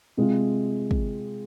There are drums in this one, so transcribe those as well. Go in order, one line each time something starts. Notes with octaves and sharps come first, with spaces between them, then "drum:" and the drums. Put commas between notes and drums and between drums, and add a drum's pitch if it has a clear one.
C3 G#3 F4
drum: kick